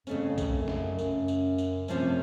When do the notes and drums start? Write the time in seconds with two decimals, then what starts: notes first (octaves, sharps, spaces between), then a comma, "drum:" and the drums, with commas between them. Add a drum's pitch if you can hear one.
0.07 F2 C#3 A3 C#4, drum: tambourine
0.38 drum: kick B1, tambourine
0.53 F#2
0.68 drum: snare
0.99 F#2, drum: tambourine
1.28 drum: tambourine
1.58 drum: tambourine
1.88 F#2 C3 F3 A3 C#4, drum: tambourine